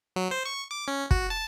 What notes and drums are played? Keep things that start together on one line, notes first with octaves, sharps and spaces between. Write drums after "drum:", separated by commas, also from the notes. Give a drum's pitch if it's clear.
F#3
C5
C#6
D6
C#4
F#4, drum: kick
A5